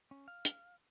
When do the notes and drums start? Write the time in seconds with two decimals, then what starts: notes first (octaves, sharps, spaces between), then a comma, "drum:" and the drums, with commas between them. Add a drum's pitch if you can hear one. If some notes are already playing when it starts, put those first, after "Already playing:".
0.11 C#4
0.28 F5
0.45 drum: hi-hat